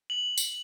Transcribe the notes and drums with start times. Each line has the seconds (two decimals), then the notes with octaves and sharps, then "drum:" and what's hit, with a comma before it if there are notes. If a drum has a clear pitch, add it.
0.10 F#7
0.38 drum: tambourine